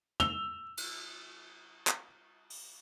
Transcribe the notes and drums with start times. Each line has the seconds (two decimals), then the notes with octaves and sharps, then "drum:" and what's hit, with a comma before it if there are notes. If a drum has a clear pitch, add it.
0.20 E6 F7 G7, drum: tom
0.77 drum: cymbal
1.87 drum: clap
2.50 drum: open hi-hat